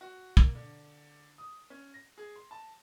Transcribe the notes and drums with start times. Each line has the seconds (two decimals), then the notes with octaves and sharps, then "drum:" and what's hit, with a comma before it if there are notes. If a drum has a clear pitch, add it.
0.01 F#4
0.37 A#3, drum: kick
0.55 D3
1.38 D#6
1.70 C#4
1.94 A#6
2.18 G#4
2.36 C6
2.51 A5